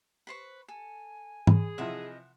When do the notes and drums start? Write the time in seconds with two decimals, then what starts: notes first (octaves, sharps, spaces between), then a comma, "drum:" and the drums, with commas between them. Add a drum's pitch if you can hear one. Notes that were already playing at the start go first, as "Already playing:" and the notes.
0.27 B4 C5 C#6
0.68 A4 G#5
1.47 G#4, drum: tom
1.78 C3 E3 F3 D#5 E5 F#5